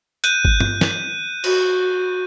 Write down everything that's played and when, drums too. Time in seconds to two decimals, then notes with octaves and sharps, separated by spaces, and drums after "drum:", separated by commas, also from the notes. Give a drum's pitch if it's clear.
0.24 F#6 G6 D#7, drum: hi-hat
0.45 drum: kick G#1
0.60 drum: tom G2
0.81 drum: snare
1.44 F#4, drum: cymbal